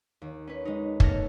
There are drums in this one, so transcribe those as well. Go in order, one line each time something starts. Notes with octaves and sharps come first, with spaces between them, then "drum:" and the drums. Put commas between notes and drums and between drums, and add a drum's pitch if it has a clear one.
D#2
C#4 B4
G#3 D#4
A3 B3 A4 C#5 F6 A#6, drum: kick